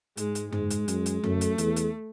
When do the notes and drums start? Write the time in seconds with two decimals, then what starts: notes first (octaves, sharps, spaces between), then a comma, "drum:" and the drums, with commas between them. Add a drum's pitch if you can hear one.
0.17 G#2 G#3, drum: hi-hat
0.35 drum: hi-hat
0.52 G#2 G#3, drum: tom F#2
0.70 drum: hi-hat
0.88 F#2, drum: hi-hat
1.06 drum: hi-hat
1.24 F#2 A3, drum: tom F#2
1.41 drum: hi-hat
1.58 E2, drum: hi-hat
1.76 drum: hi-hat